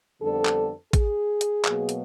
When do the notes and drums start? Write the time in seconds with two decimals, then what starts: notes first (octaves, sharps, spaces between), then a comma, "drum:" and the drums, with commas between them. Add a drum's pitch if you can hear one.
0.21 F2 D3 G3 B3 D4 A4
0.45 drum: clap
0.93 G#4, drum: kick A1, hi-hat
1.41 drum: hi-hat
1.65 B2 F#3 A#3, drum: clap
1.89 drum: hi-hat